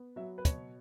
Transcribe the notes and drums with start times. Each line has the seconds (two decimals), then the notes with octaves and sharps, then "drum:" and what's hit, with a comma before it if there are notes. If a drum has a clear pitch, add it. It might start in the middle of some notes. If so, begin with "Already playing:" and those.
Already playing: B3
0.16 F#3 E5
0.38 B4
0.45 B2 C#5, drum: kick, hi-hat